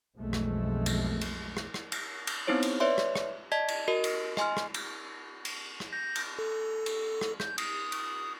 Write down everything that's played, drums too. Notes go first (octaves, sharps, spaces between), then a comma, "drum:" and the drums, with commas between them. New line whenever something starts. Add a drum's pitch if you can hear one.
B1 F2 G#3 A3
drum: rim click
drum: cymbal
drum: cymbal
drum: rim click
drum: rim click
drum: cymbal
drum: cymbal
B3 C4 D#4 E4 C5 C#5
drum: cymbal
B4 C#5 D5 E5 C6
drum: rim click
drum: rim click
D5 D#5 A5 G#6 B6
drum: cymbal
F#4 A#4 D#5
drum: cymbal
D#5 G#5 C6 F6, drum: rim click
drum: rim click
drum: cymbal
drum: cymbal
drum: rim click
G6 A#6
drum: cymbal
A4
drum: cymbal
drum: rim click
G6, drum: rim click
D#6, drum: cymbal
drum: cymbal